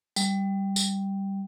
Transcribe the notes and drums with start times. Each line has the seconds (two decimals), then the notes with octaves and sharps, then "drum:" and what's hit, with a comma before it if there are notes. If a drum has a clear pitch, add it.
0.16 G3, drum: tambourine
0.76 drum: tambourine